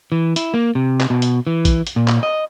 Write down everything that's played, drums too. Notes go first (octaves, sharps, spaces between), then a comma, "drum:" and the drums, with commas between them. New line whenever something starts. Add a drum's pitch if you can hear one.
E3
E4, drum: hi-hat
A#3
C3
drum: clap
B2
drum: hi-hat
E3
drum: kick A#1, hi-hat
drum: hi-hat
A#2
drum: clap
D#5